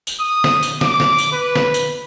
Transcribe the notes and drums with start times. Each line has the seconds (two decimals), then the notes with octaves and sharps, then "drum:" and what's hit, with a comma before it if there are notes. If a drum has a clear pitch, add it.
0.07 drum: tambourine
0.20 D#6
0.44 drum: snare
0.63 drum: tambourine
0.81 D6, drum: snare
1.00 drum: snare
1.18 drum: tambourine
1.32 B4
1.56 drum: snare
1.74 drum: tambourine